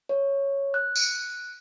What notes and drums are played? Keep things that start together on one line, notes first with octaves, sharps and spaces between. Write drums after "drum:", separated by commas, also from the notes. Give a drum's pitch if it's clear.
C#5
F#6
drum: tambourine